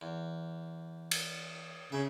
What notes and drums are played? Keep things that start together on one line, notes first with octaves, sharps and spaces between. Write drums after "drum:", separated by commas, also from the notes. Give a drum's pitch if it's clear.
E2
drum: cymbal
C#3 E5